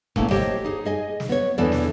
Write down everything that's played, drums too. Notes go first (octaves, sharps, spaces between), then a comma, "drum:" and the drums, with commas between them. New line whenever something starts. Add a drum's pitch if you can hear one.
A#2 C#3 A3 B3 E4, drum: kick E1
G4 C5 C#5 D#5 G5, drum: snare
D#4 G#4
G#4 D#5 G#5
drum: snare
B3 C#5
E2 E3 B3 D4 A4 D5
drum: snare